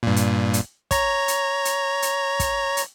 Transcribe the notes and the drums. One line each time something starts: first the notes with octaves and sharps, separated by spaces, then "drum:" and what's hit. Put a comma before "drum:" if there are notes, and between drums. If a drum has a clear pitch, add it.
G2 A#2
drum: hi-hat
drum: hi-hat
C#5 A#5, drum: kick, hi-hat
drum: hi-hat
drum: hi-hat
drum: hi-hat
drum: kick, hi-hat
drum: hi-hat